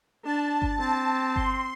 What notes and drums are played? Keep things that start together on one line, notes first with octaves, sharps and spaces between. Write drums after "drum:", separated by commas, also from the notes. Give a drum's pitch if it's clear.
D4 A5
drum: kick G1
C4 A5
C6, drum: kick G1